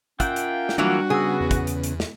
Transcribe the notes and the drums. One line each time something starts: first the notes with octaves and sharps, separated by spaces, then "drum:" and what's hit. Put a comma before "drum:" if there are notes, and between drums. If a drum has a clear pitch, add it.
A#3 C#4 F4 E5 F#5 G5, drum: kick, hi-hat
drum: hi-hat
drum: snare
E3 F#3 G3 A#3 D4 F#4
C#3 B3 G#4 E6
E2
drum: kick, hi-hat
drum: hi-hat
drum: hi-hat
drum: snare